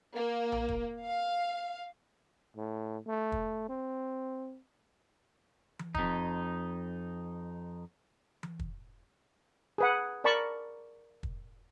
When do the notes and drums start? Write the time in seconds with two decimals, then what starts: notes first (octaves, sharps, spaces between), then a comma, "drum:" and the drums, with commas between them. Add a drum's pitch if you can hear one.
0.15 A#3
0.52 drum: tom A#1
0.69 drum: kick
1.06 F5
2.56 A2
3.07 A3
3.32 drum: kick
3.69 C4
5.79 drum: tom E3
5.95 F2 D#4, drum: kick
8.43 drum: tom E3
8.59 drum: kick
9.78 G#4 B4 F#5
10.24 A#4 D5 A5 B5 C#6
11.23 drum: kick